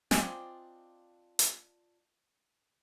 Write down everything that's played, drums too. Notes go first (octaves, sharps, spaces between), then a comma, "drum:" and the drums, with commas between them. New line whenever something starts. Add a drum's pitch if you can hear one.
C4 D4 F4 D#5 G#5, drum: snare
drum: hi-hat